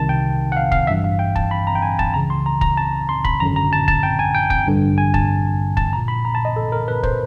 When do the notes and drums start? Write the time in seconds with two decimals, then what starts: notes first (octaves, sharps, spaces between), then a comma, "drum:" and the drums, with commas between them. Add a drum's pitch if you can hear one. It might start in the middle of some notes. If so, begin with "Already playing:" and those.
Already playing: C2 C3 D#3 A5
0.09 G5
0.52 F#5
0.57 F5
0.72 F5, drum: kick
0.87 G#1 G2 E3 E5
1.04 F5
1.19 G5
1.36 A5, drum: kick
1.51 B5
1.67 A#5
1.75 G5
1.82 G#5
1.99 A5, drum: kick
2.14 C#2 C#3 E3 A#5
2.30 C6
2.46 A#5
2.61 A#5, drum: kick
2.77 A5
3.09 C6
3.25 B5, drum: kick
3.40 G#1 F#2 D3 A#5
3.56 A#5
3.73 A5
3.88 A5, drum: kick
4.03 G5
4.19 G#5
4.35 G5
4.50 G5, drum: kick
4.66 A1 G2 D3
4.98 G#5
5.14 A5, drum: kick
5.77 A5, drum: kick
5.93 A#1 A#2 A#5
6.08 B5
6.25 A#5
6.35 A5
6.45 D#5
6.56 A4
6.72 A#4
6.88 B4
7.03 C5, drum: kick